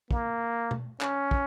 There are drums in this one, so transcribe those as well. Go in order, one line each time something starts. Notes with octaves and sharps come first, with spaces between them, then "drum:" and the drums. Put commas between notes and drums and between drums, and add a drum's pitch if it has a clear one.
A#3, drum: kick
drum: tom B2
C#4, drum: clap
drum: kick